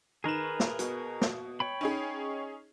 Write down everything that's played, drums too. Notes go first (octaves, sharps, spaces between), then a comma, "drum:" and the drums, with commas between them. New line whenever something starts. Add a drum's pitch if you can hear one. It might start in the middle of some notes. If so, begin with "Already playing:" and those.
D#3 G#4 A#4 B4 E7
drum: snare
B2, drum: hi-hat
drum: snare
C#5 G5 B5
C#4 D#4 G#4